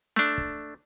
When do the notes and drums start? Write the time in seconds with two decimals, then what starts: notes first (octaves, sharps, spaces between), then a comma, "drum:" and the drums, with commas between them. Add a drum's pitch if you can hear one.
0.16 A3 D4, drum: snare
0.38 drum: kick